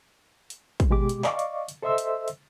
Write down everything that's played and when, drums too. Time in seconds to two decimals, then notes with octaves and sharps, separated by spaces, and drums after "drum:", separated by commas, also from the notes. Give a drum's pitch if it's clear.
0.50 drum: hi-hat
0.80 drum: kick, hi-hat
0.90 B2 G#3 G4 D6
1.09 drum: hi-hat
1.24 D5 D#5 F5 C#6 D6, drum: clap
1.39 drum: hi-hat
1.69 drum: hi-hat
1.83 A4 C5 D#5 E5 C6 E6
1.98 drum: hi-hat
2.28 drum: hi-hat